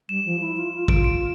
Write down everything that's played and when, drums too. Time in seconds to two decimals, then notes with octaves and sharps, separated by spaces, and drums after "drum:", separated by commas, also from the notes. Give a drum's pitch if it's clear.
0.09 G3 E7
0.25 F3
0.41 E4
0.57 F4
0.73 F4
0.88 F4 D7, drum: kick
1.04 D7